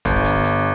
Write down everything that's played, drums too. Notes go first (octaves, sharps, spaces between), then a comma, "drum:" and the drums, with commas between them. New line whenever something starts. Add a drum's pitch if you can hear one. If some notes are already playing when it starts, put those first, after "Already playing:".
G1, drum: kick, hi-hat
drum: hi-hat
drum: hi-hat